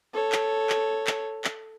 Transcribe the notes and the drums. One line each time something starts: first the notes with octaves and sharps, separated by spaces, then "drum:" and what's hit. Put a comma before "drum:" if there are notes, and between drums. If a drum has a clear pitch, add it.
A4 C#5
drum: clap
drum: clap
drum: clap
drum: clap